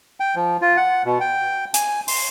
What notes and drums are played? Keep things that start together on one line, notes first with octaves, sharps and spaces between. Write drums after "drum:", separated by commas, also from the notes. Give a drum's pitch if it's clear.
G5
F3
F4
F#5
B2
G5
G#5, drum: hi-hat
C6, drum: open hi-hat